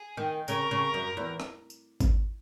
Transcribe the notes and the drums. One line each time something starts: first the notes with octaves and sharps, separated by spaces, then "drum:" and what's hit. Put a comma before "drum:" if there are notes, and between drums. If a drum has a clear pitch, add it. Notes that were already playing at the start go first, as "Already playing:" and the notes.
Already playing: G#4
D#3
C#3 A#4, drum: tambourine
C#3
F#2
E2
drum: rim click
drum: tambourine
drum: kick G#1, tambourine